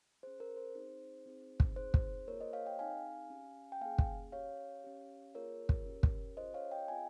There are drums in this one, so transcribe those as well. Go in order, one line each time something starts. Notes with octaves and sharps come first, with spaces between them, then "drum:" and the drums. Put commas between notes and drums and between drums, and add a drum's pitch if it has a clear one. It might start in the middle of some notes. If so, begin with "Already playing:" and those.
C#4 G#4 C5
A#4
C5
C4 D#4 G#4
C4 D#4 G#4
drum: kick
C4 D#4 G#4 C5
drum: kick
A#3 F4 G#4 A#4 C#5
C5 D#5
C#5 F5
D#5 G5
C4 D#4 G#4 F5 G#5
C#4 G4
G5
A#3 C#4 G#4 F5 G#5
drum: kick
C#4 G4 C#5 F5
C#4 G4
A#3 F4 G#4 A#4 C#5
drum: kick
C#4 G4
drum: kick
C#4 F4 G#4 C5 D#5
C#5 F5
D#5 G5
C4 F4 G#4 F5 G#5